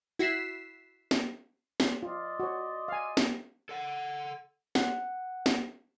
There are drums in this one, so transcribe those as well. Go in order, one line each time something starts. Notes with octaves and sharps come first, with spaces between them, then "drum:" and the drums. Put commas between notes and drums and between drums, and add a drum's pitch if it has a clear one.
E4 F#4 B6 C7 E7
drum: snare
drum: snare
F4 D5 D#5 C6
F#4 C#5
F5 G#5
drum: snare
A4 F#5
F#5, drum: snare
drum: snare